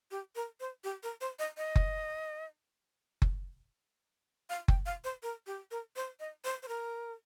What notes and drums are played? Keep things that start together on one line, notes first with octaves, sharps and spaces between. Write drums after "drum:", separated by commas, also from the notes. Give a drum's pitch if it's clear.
G4
A#4
C5
G4
A#4
C5
D#5
D#5
drum: kick F#1
drum: kick F#1
F5
G5, drum: kick F#1
F5
C5
A#4
G4
A#4
C5
D#5
C5
C5
A#4